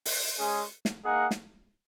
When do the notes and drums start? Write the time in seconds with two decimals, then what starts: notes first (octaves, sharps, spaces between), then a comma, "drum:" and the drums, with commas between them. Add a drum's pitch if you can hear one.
0.05 drum: open hi-hat
0.38 G#3 C#4 G#4
0.85 drum: snare
1.03 A#3 D#4 G#4 F#5
1.31 drum: snare